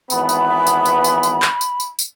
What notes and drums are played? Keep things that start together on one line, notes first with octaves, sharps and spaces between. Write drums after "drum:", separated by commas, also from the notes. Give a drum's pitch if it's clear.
G#1 E3 B3 B5, drum: tambourine
drum: tambourine
drum: tambourine
drum: tambourine
drum: tambourine
drum: tambourine
drum: clap
drum: tambourine
drum: tambourine
drum: tambourine